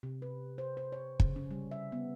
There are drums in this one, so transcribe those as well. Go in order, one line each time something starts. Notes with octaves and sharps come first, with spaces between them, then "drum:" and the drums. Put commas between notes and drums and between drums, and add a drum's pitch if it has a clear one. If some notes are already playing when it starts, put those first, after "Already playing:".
C3
B4
C5
C5
C#5
C#3, drum: kick
C#4
G3
E5
B3